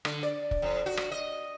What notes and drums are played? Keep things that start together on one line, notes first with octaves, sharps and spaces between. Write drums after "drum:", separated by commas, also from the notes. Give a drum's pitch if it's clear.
D3, drum: rim click
D5
drum: kick
F2
F#4
drum: rim click
D#5